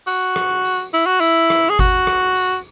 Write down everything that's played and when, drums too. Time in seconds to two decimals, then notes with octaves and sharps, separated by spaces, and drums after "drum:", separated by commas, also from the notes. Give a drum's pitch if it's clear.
0.07 F#4, drum: tambourine
0.36 drum: rim click
0.64 drum: tambourine
0.93 E4, drum: tambourine
1.06 F#4
1.20 E4, drum: tambourine
1.50 drum: rim click
1.69 G#4
1.79 F#4, drum: kick G1, tambourine
2.07 drum: rim click
2.36 drum: tambourine